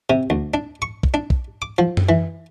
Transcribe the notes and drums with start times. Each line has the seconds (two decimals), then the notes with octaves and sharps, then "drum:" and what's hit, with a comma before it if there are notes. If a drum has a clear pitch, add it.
0.10 C3
0.30 D2
0.54 D4
0.82 C#6
1.03 drum: kick
1.14 D4
1.30 drum: kick
1.62 D6
1.78 F3
1.97 drum: tom F#2
2.09 E3